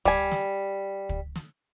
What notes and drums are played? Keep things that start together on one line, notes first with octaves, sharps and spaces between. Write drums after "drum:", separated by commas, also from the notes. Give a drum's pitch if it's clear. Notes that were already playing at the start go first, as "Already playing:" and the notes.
G3 G#5, drum: kick
drum: snare
drum: kick
drum: snare